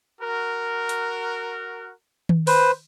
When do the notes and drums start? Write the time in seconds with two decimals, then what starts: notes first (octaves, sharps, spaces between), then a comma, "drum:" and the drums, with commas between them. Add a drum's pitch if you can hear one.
0.21 F#4 A#4
0.89 drum: hi-hat
2.29 drum: tom D#3
2.47 B4 C5, drum: open hi-hat